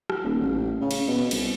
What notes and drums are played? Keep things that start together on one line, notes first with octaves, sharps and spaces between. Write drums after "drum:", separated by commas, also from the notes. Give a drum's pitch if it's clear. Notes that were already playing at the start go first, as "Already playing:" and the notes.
drum: rim click
D#1
A1
C#3
drum: cymbal
B2
C2, drum: cymbal